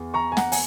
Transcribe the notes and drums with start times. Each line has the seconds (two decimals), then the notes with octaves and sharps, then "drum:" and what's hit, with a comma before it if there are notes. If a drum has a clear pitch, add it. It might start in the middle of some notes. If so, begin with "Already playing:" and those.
Already playing: E2
0.14 A#5 C#6
0.32 G#5
0.37 F#5 A#5, drum: snare
0.52 G#5, drum: open hi-hat